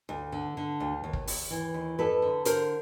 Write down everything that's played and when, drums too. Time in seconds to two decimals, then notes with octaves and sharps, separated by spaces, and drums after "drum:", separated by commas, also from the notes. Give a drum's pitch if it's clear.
0.09 D2
0.32 D3
0.57 D3
0.80 D2
1.04 D#2
1.13 drum: kick
1.27 D#2, drum: open hi-hat
1.51 E3
1.74 D#2
1.99 F2 A4 B4
2.22 D3
2.45 D3 A#4 C5, drum: hi-hat